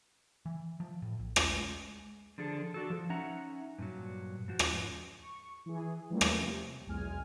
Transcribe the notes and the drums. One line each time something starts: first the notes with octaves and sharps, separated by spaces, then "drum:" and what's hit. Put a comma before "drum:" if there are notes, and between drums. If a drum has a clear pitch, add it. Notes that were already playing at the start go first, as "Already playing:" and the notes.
E3
F3
A2
A#1
drum: rim click
G#3
D3 F3 D4 G#4 A4
D4 F#4 A4
F3
C#4 D#4 E5 F#5 A#5
G2 A#2 F#3
G#2 F3 F#4
drum: rim click
C#6
E3 G#4
E3 F3 G3 A3 A#3 C#4
drum: rim click
C3
B1 E2 G#3 G#5 F6